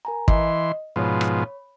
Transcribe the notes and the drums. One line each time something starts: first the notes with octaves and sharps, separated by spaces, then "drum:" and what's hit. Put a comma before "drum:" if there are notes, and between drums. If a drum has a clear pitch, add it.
A#4 G#5 A#5
E3 D#5 C6, drum: kick
G#2 B2 F3 C#5 B5
drum: rim click